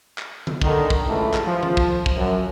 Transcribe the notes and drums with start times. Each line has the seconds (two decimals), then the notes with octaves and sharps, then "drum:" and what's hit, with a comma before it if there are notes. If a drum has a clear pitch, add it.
0.18 drum: clap
0.47 drum: tom D3
0.61 D3 D#3, drum: kick
0.90 drum: kick
1.06 C#2 G2 E3 A3
1.34 drum: clap
1.44 F3
1.63 drum: tom D#3
1.77 drum: kick
2.06 drum: kick
2.15 F#2